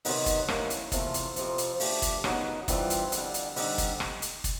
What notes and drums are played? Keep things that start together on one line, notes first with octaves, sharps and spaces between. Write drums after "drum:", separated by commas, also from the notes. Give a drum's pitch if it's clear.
C3 D#3 F#3 B3 D#4, drum: open hi-hat
drum: kick, hi-hat
A2 F#3 A#3 C#4, drum: rim click
drum: hi-hat
E2 C3 F3 A3, drum: kick, hi-hat
drum: hi-hat
F2 C3 F3, drum: hi-hat
drum: hi-hat
F3 A3 D4 G4, drum: open hi-hat
drum: kick, hi-hat
F#2 C#3 F#3 B3 D#4, drum: rim click
G2 E3 G3 C4 F4, drum: kick, hi-hat
drum: hi-hat
F2 D3 G3, drum: hi-hat
drum: hi-hat
D3 G3 C4 D#4, drum: open hi-hat
drum: kick, hi-hat
drum: rim click
drum: hi-hat
drum: kick, hi-hat